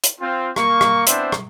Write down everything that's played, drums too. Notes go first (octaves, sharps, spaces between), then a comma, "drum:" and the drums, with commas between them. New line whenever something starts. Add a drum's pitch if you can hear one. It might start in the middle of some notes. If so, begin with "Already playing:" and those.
drum: hi-hat
C4 F4
A#3 C#6, drum: rim click
drum: rim click
B3 C4 D4 E4 C5 E5, drum: hi-hat
drum: rim click